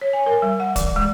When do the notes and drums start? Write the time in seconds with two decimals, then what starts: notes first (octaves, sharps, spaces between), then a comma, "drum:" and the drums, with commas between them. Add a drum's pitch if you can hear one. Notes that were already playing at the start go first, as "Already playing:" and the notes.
0.01 C#5
0.13 G#5
0.26 A#4
0.42 G3
0.60 F#5
0.76 E3, drum: kick, hi-hat
0.96 G#3